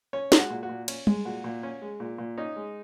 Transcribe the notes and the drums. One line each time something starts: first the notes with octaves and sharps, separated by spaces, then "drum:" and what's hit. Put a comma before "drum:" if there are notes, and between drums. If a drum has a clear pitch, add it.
C#4 C#5
G#3, drum: snare
F#4
A#2
F#4
A#2
C#4, drum: cymbal
G#3, drum: tom G3
A#2 F#4
A#2
C#4
G#3
A#2
A#2
C#4 D#4
G#3